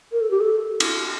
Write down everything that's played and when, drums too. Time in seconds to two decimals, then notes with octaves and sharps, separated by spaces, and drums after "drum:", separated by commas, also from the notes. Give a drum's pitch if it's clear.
0.12 A#4
0.21 A4
0.31 G4
0.40 A4
0.80 drum: cymbal